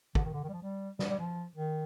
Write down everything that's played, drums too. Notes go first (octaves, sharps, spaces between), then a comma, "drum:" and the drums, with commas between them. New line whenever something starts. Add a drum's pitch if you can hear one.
D3, drum: kick
D#3
D3
D#3
G3
F3
G3
G3, drum: snare
G3
F3
D#3